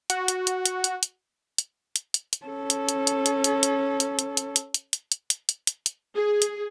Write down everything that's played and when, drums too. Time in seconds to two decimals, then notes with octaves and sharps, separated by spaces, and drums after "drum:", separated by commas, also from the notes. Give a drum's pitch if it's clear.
0.10 F#4, drum: hi-hat
0.28 drum: hi-hat
0.47 drum: hi-hat
0.66 drum: hi-hat
0.84 drum: hi-hat
1.03 drum: hi-hat
1.58 drum: hi-hat
1.96 drum: hi-hat
2.14 drum: hi-hat
2.33 drum: hi-hat
2.46 C#4 A4
2.70 drum: hi-hat
2.89 drum: hi-hat
3.07 drum: hi-hat
3.26 drum: hi-hat
3.44 drum: hi-hat
3.63 drum: hi-hat
4.00 drum: hi-hat
4.19 drum: hi-hat
4.37 drum: hi-hat
4.56 drum: hi-hat
4.74 drum: hi-hat
4.93 drum: hi-hat
5.12 drum: hi-hat
5.30 drum: hi-hat
5.49 drum: hi-hat
5.67 drum: hi-hat
5.86 drum: hi-hat
6.16 G#4
6.42 drum: hi-hat